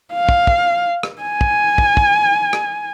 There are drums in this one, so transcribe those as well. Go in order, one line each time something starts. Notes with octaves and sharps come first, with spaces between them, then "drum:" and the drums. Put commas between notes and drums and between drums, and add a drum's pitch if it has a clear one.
F5
drum: kick
drum: kick
drum: rim click
G#5
drum: kick
drum: kick
drum: kick
drum: rim click